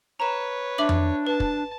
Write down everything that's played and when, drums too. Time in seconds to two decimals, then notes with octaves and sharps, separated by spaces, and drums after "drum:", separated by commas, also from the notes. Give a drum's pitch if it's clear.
0.20 B4 C#5 A#5 E7
0.78 D4 E5 D6 F#7
0.89 drum: tom F2
1.27 B4 A5
1.40 drum: kick